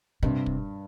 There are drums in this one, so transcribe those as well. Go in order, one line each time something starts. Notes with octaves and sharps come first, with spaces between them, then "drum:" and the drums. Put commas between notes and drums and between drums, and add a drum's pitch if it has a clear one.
G2 C3
drum: kick